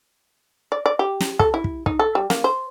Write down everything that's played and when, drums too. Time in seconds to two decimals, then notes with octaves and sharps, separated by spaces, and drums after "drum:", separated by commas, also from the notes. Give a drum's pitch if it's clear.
0.72 D5
0.86 D5
0.99 G4
1.20 drum: snare
1.39 A4, drum: kick
1.54 E4
1.64 drum: kick
1.86 D#4, drum: kick
1.99 A4
2.15 G3
2.30 A#3, drum: snare
2.44 C5